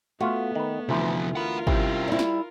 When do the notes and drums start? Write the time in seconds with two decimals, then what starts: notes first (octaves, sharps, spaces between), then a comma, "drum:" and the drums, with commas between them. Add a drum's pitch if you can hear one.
0.21 A3 B3 F4 F#4
0.55 D#3 B4
0.89 D2 C3 E3 F3
1.36 F4 A#4 F#5 B5
1.67 C2 C3 C#4 C5, drum: kick
2.08 G3 E4
2.19 drum: snare